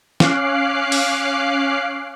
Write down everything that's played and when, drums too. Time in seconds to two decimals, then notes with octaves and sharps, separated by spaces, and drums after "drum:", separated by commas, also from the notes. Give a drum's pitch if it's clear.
0.20 C#4 F5 D6 F#6 C7, drum: snare
0.92 drum: open hi-hat